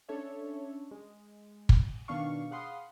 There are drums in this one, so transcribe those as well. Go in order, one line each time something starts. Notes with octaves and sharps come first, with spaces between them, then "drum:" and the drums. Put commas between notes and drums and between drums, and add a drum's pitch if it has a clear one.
C#4 D4 A4 C#5 E5
G#3
drum: kick
B2 D#3 B3 D4 F5 C#6
G#4 F5 F#5 B5 C6 D#6